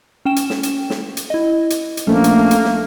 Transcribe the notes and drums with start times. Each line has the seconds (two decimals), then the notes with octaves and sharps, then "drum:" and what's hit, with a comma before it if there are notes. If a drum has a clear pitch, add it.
0.25 C#4 G5 E7
0.36 drum: hi-hat
0.50 drum: snare
0.63 drum: hi-hat
0.90 drum: snare
1.17 drum: hi-hat
1.30 E4 D#5
1.70 drum: hi-hat
1.97 drum: hi-hat
2.07 A#1 A3 A#3 C#4
2.24 drum: hi-hat
2.51 drum: hi-hat
2.64 drum: snare